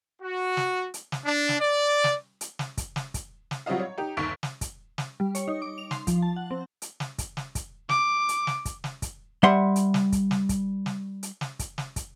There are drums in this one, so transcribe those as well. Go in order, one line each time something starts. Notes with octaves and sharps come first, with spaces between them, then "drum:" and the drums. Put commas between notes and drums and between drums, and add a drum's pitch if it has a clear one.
F#4
drum: snare
drum: hi-hat
drum: snare
D4
drum: snare
D5
drum: snare
drum: hi-hat
drum: snare
drum: kick, hi-hat
drum: snare
drum: kick, hi-hat
drum: snare
F#3 G3 C4 F4 D#5 F5
C#5
D#4 G4
G1 D#2 C#6 B6 D7
drum: snare
drum: kick, hi-hat
drum: snare
G3
C#5, drum: hi-hat
D#4
D6
F7
C6, drum: snare
F3, drum: kick, hi-hat
A5
F#5
C4
drum: hi-hat
drum: snare
drum: kick, hi-hat
drum: snare
drum: kick, hi-hat
D6, drum: snare
drum: hi-hat
drum: snare
drum: kick, hi-hat
drum: snare
drum: kick, hi-hat
G3 E5 F#5 C6
drum: hi-hat
drum: snare
drum: kick, hi-hat
drum: snare
drum: kick, hi-hat
drum: snare
drum: hi-hat
drum: snare
drum: kick, hi-hat
drum: snare
drum: kick, hi-hat